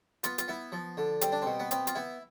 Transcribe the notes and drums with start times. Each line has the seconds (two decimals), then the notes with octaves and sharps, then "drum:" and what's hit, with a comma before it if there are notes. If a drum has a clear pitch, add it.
0.24 B3 F4, drum: hi-hat
0.38 F4, drum: hi-hat
0.48 B3 E4
0.72 F3
0.97 D3
1.21 G3 C4, drum: hi-hat
1.32 D4
1.42 B2 C4
1.60 B3
1.71 B3 C4, drum: hi-hat
1.87 F4, drum: hi-hat
1.95 B3 E4